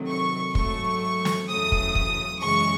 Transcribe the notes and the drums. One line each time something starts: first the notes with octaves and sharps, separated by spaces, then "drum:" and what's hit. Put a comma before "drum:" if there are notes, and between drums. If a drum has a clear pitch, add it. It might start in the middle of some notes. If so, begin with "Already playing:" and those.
Already playing: C3 D#3 F#3 A3
C#6
G#2 F#3 A3 C#6, drum: kick
drum: snare
E2 C#3 F#3 A3 D#6
drum: kick
drum: kick
F#2 C#3 E3 G#3 C#6